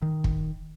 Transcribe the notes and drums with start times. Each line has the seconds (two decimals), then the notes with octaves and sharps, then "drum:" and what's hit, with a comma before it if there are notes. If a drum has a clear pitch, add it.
0.02 D#3
0.24 drum: kick